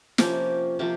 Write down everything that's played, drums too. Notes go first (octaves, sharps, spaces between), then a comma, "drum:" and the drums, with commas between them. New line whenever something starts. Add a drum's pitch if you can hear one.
C3 F3 A#3 C#4 G4 A#4, drum: snare
C3 F3 G4 A#4